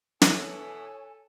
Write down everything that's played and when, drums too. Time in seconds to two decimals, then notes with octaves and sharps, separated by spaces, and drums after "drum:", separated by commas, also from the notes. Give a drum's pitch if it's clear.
0.22 B2 E3 B3 A4 C#5 G#5, drum: snare